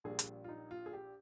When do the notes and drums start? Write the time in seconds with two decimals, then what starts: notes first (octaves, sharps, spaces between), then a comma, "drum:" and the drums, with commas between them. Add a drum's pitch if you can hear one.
0.04 A#1 A#2 G3 G#4
0.19 drum: hi-hat
0.44 F4
0.49 D#4
0.71 F4
0.86 G#4
0.93 G4